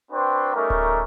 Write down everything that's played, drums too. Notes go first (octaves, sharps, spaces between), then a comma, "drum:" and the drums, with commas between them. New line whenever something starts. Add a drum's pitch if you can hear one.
C4 D4 F#4 B4 C5 G5
G3 A3 C#4 D#4 A#4
drum: kick D1